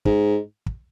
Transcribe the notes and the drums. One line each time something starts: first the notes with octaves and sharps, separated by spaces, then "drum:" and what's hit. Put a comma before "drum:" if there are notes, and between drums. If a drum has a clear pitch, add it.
G#2, drum: kick
drum: kick